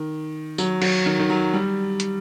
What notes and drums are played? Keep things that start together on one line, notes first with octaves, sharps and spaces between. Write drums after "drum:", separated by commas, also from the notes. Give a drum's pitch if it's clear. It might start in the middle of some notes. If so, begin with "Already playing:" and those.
Already playing: D#3
F#3, drum: tambourine
F#3, drum: cymbal
D#3
D#3
F#3
G3
drum: hi-hat